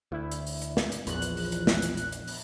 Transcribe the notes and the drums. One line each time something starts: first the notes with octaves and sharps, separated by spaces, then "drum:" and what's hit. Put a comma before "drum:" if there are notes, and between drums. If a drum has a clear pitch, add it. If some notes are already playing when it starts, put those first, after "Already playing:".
D2 E4
drum: hi-hat
drum: open hi-hat
drum: hi-hat
drum: snare
drum: hi-hat
A#1 E2 F3 F#6, drum: hi-hat
drum: hi-hat
drum: open hi-hat
drum: hi-hat
drum: snare
drum: hi-hat
drum: hi-hat
drum: hi-hat
drum: open hi-hat